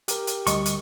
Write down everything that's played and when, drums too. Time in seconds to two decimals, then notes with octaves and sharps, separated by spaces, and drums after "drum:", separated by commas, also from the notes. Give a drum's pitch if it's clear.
0.08 G4 A#4, drum: hi-hat
0.27 drum: hi-hat
0.47 D2 G3 D#5 C#6, drum: hi-hat
0.66 drum: hi-hat